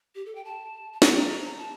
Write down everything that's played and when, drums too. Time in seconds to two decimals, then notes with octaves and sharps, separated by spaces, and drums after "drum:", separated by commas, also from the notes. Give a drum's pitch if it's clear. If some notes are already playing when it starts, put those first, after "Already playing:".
0.15 G4
0.26 A4
0.35 G5
0.45 A5
0.93 A5
1.02 A#5, drum: snare
1.58 A5